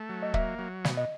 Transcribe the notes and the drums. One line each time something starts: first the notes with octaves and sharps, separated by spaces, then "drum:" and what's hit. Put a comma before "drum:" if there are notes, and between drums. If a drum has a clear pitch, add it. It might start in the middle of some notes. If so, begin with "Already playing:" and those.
Already playing: A3
F#3
D#5
A#3 E5, drum: kick
F#3
B2, drum: snare
D#5